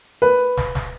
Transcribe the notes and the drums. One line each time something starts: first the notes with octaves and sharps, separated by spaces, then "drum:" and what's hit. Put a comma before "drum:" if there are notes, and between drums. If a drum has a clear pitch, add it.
B4
drum: snare
drum: snare